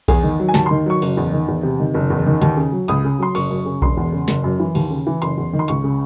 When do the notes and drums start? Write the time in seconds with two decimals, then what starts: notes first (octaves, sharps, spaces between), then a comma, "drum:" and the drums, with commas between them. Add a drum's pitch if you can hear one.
0.08 E2 G#4, drum: kick B1, open hi-hat
0.23 D#3
0.40 F#3
0.49 G#5
0.54 D#2 A5, drum: snare
0.66 D#3 C6
0.86 F#3 C#6
1.02 F#1, drum: open hi-hat
1.17 E2
1.33 D#3
1.48 E2
1.63 C3
1.80 D#3
1.94 F#1
2.10 E2
2.27 D#3
2.42 D#2, drum: hi-hat
2.57 C#3
2.72 F#3
2.88 C#2 D#6, drum: hi-hat
3.04 C#3
3.19 F#3 C6
3.35 F#1 C#6, drum: open hi-hat
3.50 F#2
3.65 C#3
3.82 E1 C6, drum: kick B1
3.97 E2
4.13 C#3
4.28 F#1, drum: snare
4.44 F#2
4.60 E3
4.75 D#2, drum: open hi-hat
4.90 C#3
5.07 E3
5.22 F#1 C6, drum: hi-hat
5.37 E2
5.53 D#3
5.59 C6
5.68 C#2 C#6, drum: hi-hat
5.84 C#3